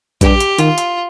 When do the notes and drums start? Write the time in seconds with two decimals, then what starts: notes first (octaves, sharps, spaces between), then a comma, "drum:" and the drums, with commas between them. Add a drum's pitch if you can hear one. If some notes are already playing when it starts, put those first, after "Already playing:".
0.21 G2 G4, drum: kick A#1, hi-hat
0.40 drum: hi-hat
0.58 D#3 F4, drum: hi-hat
0.78 drum: hi-hat